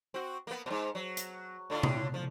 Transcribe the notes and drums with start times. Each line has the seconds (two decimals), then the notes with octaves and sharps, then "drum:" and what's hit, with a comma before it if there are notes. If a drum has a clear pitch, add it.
0.14 C4 F#4
0.47 A#3 B3
0.66 G#2 B2
0.95 F#3
1.17 drum: hi-hat
1.70 A2 D3 F4
1.83 drum: tom C3
2.14 F3